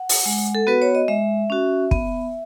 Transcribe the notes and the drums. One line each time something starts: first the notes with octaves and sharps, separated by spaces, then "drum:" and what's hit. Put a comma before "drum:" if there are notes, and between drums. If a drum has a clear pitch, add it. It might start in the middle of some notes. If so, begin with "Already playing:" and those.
Already playing: F#5
drum: open hi-hat
G#3
A4
B3 F#4 B4
C#5
D#5
G#3 E5
C#4 F#4
B3, drum: kick